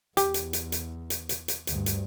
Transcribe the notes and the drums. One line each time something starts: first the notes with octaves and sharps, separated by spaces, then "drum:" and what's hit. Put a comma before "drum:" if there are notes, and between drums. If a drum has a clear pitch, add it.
E2 G4, drum: hi-hat
drum: hi-hat
drum: hi-hat
drum: hi-hat
drum: hi-hat
drum: hi-hat
drum: hi-hat
D2 G2, drum: hi-hat
drum: hi-hat